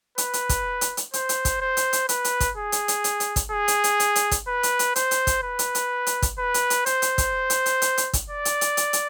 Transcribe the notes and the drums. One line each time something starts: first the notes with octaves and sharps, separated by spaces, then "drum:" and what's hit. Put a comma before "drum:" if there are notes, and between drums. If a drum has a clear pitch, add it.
B4, drum: hi-hat
drum: hi-hat
drum: kick, hi-hat
drum: hi-hat
drum: hi-hat
C5, drum: hi-hat
drum: hi-hat
drum: kick, hi-hat
C5
drum: hi-hat
drum: hi-hat
B4, drum: hi-hat
drum: hi-hat
drum: kick, hi-hat
G#4
drum: hi-hat
drum: hi-hat
drum: hi-hat
drum: hi-hat
drum: kick, hi-hat
G#4
drum: hi-hat
drum: hi-hat
drum: hi-hat
drum: hi-hat
drum: kick, hi-hat
B4
drum: hi-hat
drum: hi-hat
C5, drum: hi-hat
drum: hi-hat
drum: kick, hi-hat
B4
drum: hi-hat
drum: hi-hat
drum: hi-hat
drum: kick, hi-hat
B4
drum: hi-hat
drum: hi-hat
C5, drum: hi-hat
drum: hi-hat
drum: kick, hi-hat
drum: hi-hat
drum: hi-hat
drum: hi-hat
drum: hi-hat
drum: kick, hi-hat
D5
drum: hi-hat
drum: hi-hat
drum: hi-hat
drum: hi-hat